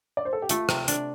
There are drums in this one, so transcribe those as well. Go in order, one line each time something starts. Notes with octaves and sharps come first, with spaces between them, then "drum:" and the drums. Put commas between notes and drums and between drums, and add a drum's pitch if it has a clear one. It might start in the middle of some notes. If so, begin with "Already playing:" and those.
D5
C5
A4
G4
A3 F4, drum: hi-hat
C3, drum: rim click
D4, drum: hi-hat